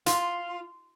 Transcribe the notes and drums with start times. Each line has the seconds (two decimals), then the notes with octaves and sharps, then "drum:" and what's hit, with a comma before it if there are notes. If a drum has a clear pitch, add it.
0.06 F4, drum: hi-hat